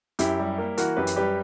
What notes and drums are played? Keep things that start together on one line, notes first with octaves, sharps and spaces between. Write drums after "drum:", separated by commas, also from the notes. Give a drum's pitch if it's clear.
F#2 E4 G4, drum: hi-hat
G3
A#3
E3 F#4 A#4, drum: hi-hat
F#2 G4 B4
drum: hi-hat
G3 G4 B4